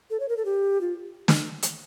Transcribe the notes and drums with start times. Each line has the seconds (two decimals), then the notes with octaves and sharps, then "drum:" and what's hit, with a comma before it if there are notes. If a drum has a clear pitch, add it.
0.10 A4
0.20 C#5
0.29 A#4
0.37 A4
0.45 G4
0.81 F4
1.28 drum: snare
1.62 drum: hi-hat